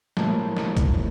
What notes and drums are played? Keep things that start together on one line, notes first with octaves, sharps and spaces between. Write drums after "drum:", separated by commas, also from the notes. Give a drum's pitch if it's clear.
A2 F3 A#3, drum: snare
drum: snare
drum: kick, hi-hat